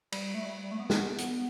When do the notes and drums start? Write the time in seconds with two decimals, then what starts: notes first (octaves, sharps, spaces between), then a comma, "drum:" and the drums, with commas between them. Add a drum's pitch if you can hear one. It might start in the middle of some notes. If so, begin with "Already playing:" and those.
0.12 G3, drum: cymbal
0.34 A3
0.45 G3
0.71 A3
0.80 B3
0.90 drum: snare
1.18 drum: hi-hat